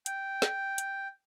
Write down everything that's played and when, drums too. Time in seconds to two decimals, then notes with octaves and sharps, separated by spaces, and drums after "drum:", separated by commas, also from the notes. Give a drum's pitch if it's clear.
0.06 G5, drum: hi-hat
0.42 drum: snare
0.78 drum: hi-hat